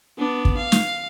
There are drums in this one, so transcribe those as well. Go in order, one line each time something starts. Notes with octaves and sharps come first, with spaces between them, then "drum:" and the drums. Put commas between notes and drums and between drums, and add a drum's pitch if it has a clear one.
B3 D4
drum: kick
F5
drum: snare